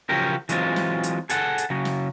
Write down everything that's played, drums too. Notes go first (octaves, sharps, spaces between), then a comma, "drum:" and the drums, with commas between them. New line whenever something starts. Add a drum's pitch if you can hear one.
C#3 F3 F#3 C#4 G4 A#4
E3 F#3 G#3 C4 F4, drum: hi-hat
drum: snare
drum: hi-hat
G#4 A4 F#5, drum: hi-hat
drum: hi-hat
C#3 F#3
drum: snare